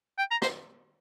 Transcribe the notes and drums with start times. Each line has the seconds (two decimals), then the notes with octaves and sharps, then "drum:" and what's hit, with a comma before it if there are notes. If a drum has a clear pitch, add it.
0.19 G5
0.31 A#5
0.42 C5, drum: rim click